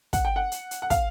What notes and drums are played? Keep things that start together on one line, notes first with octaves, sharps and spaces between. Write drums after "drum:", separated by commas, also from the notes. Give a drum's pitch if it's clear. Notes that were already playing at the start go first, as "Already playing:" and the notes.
F#5, drum: kick, hi-hat
G5
F#5
drum: hi-hat
drum: hi-hat
F#5
F5, drum: kick, hi-hat